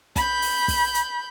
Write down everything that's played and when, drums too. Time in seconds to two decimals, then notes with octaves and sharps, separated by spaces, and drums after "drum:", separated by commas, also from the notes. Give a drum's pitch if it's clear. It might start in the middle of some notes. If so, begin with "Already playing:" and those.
0.16 B5 G6, drum: kick, hi-hat
0.42 drum: open hi-hat
0.68 drum: kick, open hi-hat
0.94 drum: hi-hat